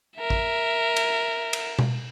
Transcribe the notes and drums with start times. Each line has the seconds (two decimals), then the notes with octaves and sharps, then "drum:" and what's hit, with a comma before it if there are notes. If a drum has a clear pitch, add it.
0.19 A#4 E5
0.30 drum: kick
0.96 drum: cymbal
1.53 drum: cymbal
1.79 drum: tom B2